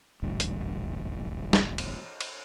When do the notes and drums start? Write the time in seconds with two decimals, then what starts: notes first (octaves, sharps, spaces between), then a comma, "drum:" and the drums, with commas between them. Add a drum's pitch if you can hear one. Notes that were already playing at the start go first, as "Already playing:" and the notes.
0.23 D#1 A1 D2 G2
0.40 drum: hi-hat
1.53 drum: snare
1.78 drum: cymbal
2.21 drum: cymbal